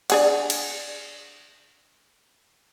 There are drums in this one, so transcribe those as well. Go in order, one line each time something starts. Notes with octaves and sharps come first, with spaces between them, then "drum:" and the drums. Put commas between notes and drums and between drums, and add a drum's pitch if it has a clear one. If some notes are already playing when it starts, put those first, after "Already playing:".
D4 G#4 F#5, drum: cymbal
drum: cymbal